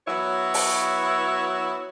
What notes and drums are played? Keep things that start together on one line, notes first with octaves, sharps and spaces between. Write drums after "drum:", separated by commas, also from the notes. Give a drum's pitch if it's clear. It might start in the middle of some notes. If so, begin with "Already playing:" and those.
F#3 B3 E4 C#5
drum: open hi-hat